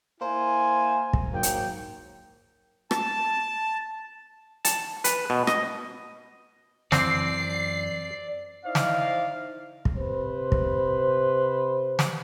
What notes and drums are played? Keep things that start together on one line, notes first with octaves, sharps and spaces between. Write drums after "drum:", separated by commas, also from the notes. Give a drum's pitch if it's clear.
A#3 E4 C5 G#5
drum: kick
G#2 F#3 A#3 G5
drum: hi-hat
A5, drum: rim click
A5, drum: hi-hat
B4, drum: hi-hat
B2
D#5, drum: rim click
F#2 E3 C4 D5 C7, drum: snare
D#4 E4 C5 D5 D#5 F5
drum: snare
drum: kick
C3 B4 C5
drum: kick
drum: snare